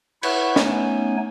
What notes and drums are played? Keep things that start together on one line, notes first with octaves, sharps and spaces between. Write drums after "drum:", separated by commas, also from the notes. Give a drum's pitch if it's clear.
E4 B4 C#5 E5 F#5 C#6, drum: cymbal
A3 B3 C#4 D#4 C#5 G#5, drum: snare